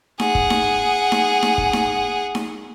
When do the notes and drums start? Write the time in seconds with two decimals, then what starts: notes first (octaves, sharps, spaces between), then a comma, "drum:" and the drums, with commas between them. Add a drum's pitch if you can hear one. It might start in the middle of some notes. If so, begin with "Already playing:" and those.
0.20 G#4 F#5, drum: snare D#4
0.35 drum: kick
0.50 drum: snare D#4
1.12 drum: snare D#4
1.43 drum: snare D#4
1.58 drum: kick
1.73 drum: snare D#4
2.35 drum: snare D#4